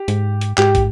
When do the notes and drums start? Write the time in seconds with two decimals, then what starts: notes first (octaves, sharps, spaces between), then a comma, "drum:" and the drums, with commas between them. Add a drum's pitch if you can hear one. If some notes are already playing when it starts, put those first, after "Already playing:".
Already playing: G4
0.08 G#2, drum: hi-hat
0.41 drum: hi-hat
0.58 G#2 G4, drum: clap
0.75 drum: kick, hi-hat